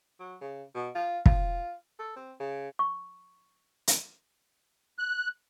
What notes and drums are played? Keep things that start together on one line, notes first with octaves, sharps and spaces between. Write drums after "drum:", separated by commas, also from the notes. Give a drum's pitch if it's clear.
F#3
C#3
B2
F4
F4, drum: kick
A4
C4
C#3
C#6
drum: hi-hat
F#6